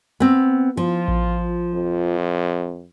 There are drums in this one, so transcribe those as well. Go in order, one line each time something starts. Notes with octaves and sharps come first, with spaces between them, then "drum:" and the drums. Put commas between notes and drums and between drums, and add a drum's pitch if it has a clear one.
B3 C4
F3 F4
drum: kick A1
F2